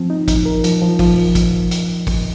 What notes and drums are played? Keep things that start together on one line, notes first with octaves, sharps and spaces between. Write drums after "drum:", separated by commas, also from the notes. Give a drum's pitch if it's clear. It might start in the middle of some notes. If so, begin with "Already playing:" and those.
Already playing: F3 C4
D#4
D#4, drum: kick, hi-hat
A#4
F3, drum: hi-hat
F3
F3, drum: kick, open hi-hat
drum: kick, hi-hat
drum: hi-hat
drum: kick, open hi-hat